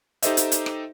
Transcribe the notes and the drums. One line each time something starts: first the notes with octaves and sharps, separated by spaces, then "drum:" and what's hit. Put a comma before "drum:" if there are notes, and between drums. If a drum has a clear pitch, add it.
D#4 G4 A4 C5 D#5 E5, drum: hi-hat
drum: hi-hat
drum: hi-hat
drum: rim click